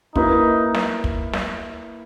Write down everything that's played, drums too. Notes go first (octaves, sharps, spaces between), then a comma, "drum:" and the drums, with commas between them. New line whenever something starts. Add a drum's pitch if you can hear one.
A#3 D#4 E4 B4 E5, drum: kick
drum: snare
drum: kick
drum: snare